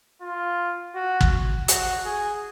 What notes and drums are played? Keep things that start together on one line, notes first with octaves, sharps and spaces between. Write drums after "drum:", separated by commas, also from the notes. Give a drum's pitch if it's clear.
F4
F#4
drum: kick
F#4, drum: hi-hat
G#4